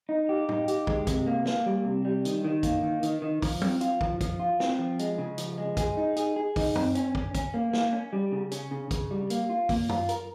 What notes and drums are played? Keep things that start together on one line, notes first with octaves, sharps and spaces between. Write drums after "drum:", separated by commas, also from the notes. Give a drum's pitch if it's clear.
D#4
G4
D#4, drum: tom
G4, drum: hi-hat
G#3, drum: kick
C3, drum: kick, hi-hat
A#3
A#3, drum: snare
G3
C3
G3
D#3, drum: hi-hat
D#3
A#3, drum: kick, hi-hat
D#3
D#3, drum: hi-hat
D#3
F3, drum: kick, open hi-hat
C4, drum: tom
F4, drum: hi-hat
F3, drum: kick
F3, drum: kick, hi-hat
F4
C4, drum: snare
F3
G#3, drum: hi-hat
C#3
F3, drum: hi-hat
G#3
G#4, drum: kick, hi-hat
D#4
G#4, drum: hi-hat
G#4
D#4, drum: kick, open hi-hat
C4, drum: tom
C#4, drum: hi-hat
C#4, drum: kick
C#4, drum: kick, hi-hat
A#3
A#3, drum: snare
C#4
G3
C#3
C#4, drum: hi-hat
C#3
C#3, drum: kick, hi-hat
G3
A#3, drum: hi-hat
F4
A#3, drum: kick, open hi-hat
F4, drum: tom
A#4, drum: hi-hat